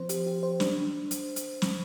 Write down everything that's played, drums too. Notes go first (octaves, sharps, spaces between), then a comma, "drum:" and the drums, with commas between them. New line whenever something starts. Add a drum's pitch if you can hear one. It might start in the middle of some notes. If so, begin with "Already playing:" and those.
Already playing: F3 C4 C5
G4, drum: hi-hat
G4
C5
D4, drum: snare
D4
drum: hi-hat
drum: hi-hat
drum: snare